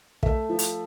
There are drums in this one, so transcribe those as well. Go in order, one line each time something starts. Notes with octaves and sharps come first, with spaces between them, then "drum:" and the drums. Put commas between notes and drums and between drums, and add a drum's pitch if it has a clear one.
A3 E5, drum: kick
F3
drum: hi-hat